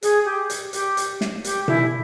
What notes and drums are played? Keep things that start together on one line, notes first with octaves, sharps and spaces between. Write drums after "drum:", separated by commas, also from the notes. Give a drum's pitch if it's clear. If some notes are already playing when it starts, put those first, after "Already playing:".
G#4, drum: hi-hat
G4
drum: hi-hat
G4, drum: hi-hat
drum: hi-hat
drum: snare
G4, drum: hi-hat
E4, drum: tom B2